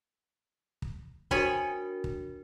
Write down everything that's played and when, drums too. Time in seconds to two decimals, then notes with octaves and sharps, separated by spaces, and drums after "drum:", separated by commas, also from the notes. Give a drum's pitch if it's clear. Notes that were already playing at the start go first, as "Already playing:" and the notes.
0.82 drum: kick
1.31 D4 F#4 A#4 C#5 G#5 B5, drum: kick
2.04 drum: kick